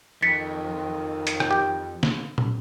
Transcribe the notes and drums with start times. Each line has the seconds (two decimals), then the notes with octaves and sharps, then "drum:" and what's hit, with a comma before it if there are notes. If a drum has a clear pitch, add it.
0.22 F2 D#3 A6 B6 C#7
1.27 drum: hi-hat
1.40 drum: rim click
1.51 G4 G5
2.03 drum: snare
2.38 drum: tom A#2